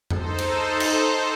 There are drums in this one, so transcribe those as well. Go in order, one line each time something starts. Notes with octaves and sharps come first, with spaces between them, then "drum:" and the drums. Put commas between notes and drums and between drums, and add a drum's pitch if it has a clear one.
D#4 A4 C5, drum: tom F2
drum: cymbal
drum: cymbal